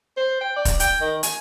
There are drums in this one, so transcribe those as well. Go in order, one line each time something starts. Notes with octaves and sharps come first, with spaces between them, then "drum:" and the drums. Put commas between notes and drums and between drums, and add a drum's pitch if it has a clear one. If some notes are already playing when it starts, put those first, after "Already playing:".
C5
G5
D5
drum: kick, hi-hat
G5, drum: hi-hat
D#3
G#5, drum: hi-hat